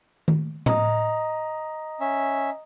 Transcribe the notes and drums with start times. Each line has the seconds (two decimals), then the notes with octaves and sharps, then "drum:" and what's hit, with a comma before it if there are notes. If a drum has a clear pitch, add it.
0.28 drum: tom D#3
0.66 D#5 A#5 D#6, drum: tom A2
2.00 C#4 E5